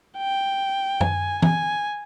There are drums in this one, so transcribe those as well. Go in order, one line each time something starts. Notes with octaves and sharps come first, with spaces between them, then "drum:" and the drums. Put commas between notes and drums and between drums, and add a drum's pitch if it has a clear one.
G5
G#5, drum: tom F#2
G#5, drum: tom E3